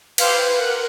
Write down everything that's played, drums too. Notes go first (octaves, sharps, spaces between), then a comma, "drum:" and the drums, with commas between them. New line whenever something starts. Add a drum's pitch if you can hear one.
E4 G4 B4 C5 F5, drum: cymbal
A#4 F#5